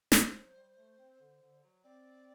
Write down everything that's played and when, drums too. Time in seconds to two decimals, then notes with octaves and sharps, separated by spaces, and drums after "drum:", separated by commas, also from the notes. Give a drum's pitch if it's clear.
0.12 C5, drum: snare
0.34 F#3
0.55 G3
0.77 A3
0.98 C4
1.20 D3
1.41 D3
1.63 F#3
1.84 C4 D5